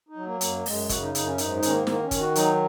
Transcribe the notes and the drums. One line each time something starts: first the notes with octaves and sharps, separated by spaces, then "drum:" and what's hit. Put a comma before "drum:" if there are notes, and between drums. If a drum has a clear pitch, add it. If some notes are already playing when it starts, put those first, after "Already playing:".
D#4
F#3
A#3
F#2 A#3, drum: hi-hat
F#2 G#3, drum: open hi-hat
C#3 F#4, drum: kick, hi-hat
D#4
F#2 D#4, drum: hi-hat
C#4
G#2 D#4, drum: hi-hat
D#4
D#3 C#4, drum: hi-hat
A#3
D#3 A#3, drum: snare
C#4
D#3, drum: kick, hi-hat
F#4
F#3 D#4, drum: hi-hat